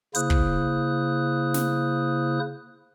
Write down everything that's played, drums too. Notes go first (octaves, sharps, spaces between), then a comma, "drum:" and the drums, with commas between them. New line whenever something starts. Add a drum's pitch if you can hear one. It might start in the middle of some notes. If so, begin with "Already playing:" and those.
C#3 A#3 E4 C5 D#6 F#6, drum: hi-hat
drum: kick
drum: snare